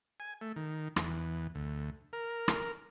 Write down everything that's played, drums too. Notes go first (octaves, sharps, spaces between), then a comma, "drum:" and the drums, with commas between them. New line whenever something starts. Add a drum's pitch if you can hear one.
G#5
A3
D#3
E2, drum: rim click
D2
A#4
drum: rim click